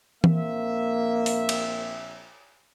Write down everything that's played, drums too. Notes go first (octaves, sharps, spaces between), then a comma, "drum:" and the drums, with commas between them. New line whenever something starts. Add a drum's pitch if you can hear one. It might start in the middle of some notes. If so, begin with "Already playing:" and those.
A#1 A#3 C4 E5, drum: tom E3
drum: open hi-hat
drum: cymbal